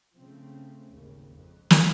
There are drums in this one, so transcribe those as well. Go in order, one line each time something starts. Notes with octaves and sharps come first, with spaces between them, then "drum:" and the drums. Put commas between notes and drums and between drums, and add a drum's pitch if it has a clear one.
C#3 F3 A3 C4
G#1 D#2 C#3
F2
drum: snare